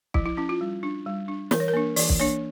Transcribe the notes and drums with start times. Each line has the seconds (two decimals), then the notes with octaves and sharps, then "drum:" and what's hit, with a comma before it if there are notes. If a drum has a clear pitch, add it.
0.14 F3 E4, drum: kick B1
0.26 E4
0.37 C#4 E4
0.49 F4
0.61 G3
0.83 D4
1.06 G3
1.28 D4
1.51 E3 A#4, drum: snare
1.60 C#5
1.68 A#4
1.74 A#3 D4
1.96 E3 D5, drum: open hi-hat
2.09 drum: kick B1
2.20 A#3 D4 C#5